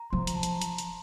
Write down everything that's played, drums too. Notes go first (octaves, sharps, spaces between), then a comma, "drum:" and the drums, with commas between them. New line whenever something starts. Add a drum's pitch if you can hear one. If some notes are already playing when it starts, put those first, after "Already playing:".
Already playing: A#5
F3 C6
A#5, drum: hi-hat
A5
A#5, drum: hi-hat
drum: hi-hat
drum: hi-hat